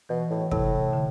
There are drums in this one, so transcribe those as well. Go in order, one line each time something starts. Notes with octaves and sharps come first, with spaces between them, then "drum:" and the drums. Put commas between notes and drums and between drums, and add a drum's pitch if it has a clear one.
B2 E3
A2
A2 C3, drum: kick
D3